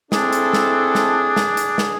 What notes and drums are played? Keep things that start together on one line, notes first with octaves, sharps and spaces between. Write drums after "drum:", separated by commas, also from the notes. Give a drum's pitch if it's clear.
C4 D4 E4 G#4 A4, drum: snare
drum: hi-hat
drum: snare
drum: snare
drum: snare
drum: hi-hat
drum: snare